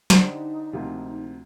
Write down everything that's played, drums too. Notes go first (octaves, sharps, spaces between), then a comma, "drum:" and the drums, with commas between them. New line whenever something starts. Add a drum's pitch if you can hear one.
D3 G3 D4 D#4 G4 C5, drum: snare
D2 C3 F3 A#3 F4